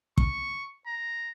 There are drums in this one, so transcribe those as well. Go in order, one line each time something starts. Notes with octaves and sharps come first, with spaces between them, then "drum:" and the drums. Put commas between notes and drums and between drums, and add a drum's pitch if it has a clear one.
C#6, drum: kick
A#5